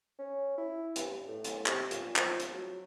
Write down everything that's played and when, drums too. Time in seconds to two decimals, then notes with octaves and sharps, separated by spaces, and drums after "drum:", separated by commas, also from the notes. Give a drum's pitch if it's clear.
0.19 C#4
0.58 E4
0.96 G2, drum: hi-hat
1.28 A2
1.44 drum: hi-hat
1.66 C3, drum: clap
1.91 A#2, drum: hi-hat
2.16 F3, drum: clap
2.40 drum: hi-hat
2.54 F#3